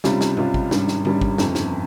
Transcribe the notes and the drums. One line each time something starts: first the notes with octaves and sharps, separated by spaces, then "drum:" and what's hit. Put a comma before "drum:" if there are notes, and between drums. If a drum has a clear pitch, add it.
C#2 C3 G3 C#4 F4, drum: snare
drum: snare
C#2 C3 G3 C#4 F4, drum: tom G#2
drum: kick
G#1 G2 G3 C#4, drum: snare
drum: snare
G#1 G2 G3 C#4, drum: tom D3
drum: kick
G1 F2 C#3, drum: snare
drum: snare